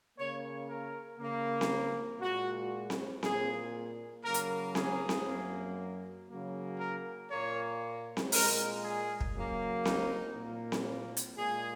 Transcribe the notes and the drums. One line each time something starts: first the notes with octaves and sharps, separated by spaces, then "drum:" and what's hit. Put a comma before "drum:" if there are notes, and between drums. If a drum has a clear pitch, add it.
C#3 A#3 C#5
A#4
C#3 A#3
drum: snare C4
A#2 G#3 F#4
drum: snare C4
A#2 A#3 G#4, drum: snare C4
C#3 F#3 A#3 A#4
drum: hi-hat
G#4, drum: snare C4
drum: snare C4
F#2 F#3 A#3
C#3 F#3 A#3
A#4
A#2 A#3 C#5
drum: snare C4
A#2 G#3 A#4, drum: open hi-hat
G#4
drum: kick
C#3 F#3 A#3
D#4, drum: snare C4
A#2 A#3
drum: snare C4
drum: hi-hat
A#2 G#3 G#4